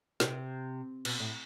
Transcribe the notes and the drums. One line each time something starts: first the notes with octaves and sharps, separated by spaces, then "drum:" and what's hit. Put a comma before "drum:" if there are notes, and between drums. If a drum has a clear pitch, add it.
C3, drum: snare
B2, drum: cymbal
A2